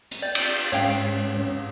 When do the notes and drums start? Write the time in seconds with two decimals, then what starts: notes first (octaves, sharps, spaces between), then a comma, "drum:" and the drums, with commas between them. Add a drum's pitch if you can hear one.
0.11 drum: hi-hat
0.22 D5 G5 A6
0.35 drum: cymbal
0.72 G#2 C#4 C#5 F5 G5